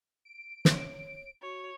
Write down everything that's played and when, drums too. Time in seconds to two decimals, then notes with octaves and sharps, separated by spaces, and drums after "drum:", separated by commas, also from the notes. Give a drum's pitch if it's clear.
0.25 D7
0.65 C#5, drum: snare
1.42 F#4 C#5